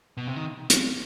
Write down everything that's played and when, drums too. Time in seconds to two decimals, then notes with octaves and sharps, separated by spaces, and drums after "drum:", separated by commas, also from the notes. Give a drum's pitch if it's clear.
0.17 B2
0.27 C3
0.36 D#3
0.70 drum: hi-hat